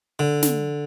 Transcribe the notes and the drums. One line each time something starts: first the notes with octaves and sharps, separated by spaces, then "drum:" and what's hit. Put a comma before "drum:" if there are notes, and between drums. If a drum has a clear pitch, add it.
D3
drum: snare